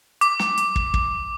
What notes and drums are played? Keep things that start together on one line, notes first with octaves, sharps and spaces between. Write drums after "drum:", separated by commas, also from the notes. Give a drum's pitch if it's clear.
D6, drum: hi-hat
drum: snare
drum: hi-hat
drum: kick
drum: kick